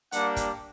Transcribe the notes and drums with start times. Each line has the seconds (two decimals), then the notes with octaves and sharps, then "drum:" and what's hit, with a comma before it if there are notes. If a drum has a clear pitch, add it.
0.12 G3 A#3 D4 G4 F#5, drum: hi-hat
0.36 drum: kick, hi-hat